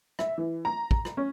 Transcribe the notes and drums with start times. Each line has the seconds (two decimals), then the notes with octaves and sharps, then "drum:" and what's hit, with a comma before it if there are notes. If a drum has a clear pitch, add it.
0.19 E5, drum: rim click
0.38 E3
0.65 A#5
0.91 drum: kick
1.05 drum: rim click
1.17 C#4